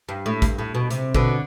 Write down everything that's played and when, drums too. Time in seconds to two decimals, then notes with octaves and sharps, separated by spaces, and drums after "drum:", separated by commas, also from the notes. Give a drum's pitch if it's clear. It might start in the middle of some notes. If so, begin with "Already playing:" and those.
0.09 G2
0.26 A2
0.42 G2, drum: kick, hi-hat
0.59 A2
0.75 B2
0.90 C3, drum: hi-hat
1.15 B2 D3, drum: kick